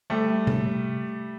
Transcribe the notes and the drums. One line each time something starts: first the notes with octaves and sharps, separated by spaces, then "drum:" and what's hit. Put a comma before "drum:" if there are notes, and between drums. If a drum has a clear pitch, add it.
G3 A3
drum: tom C3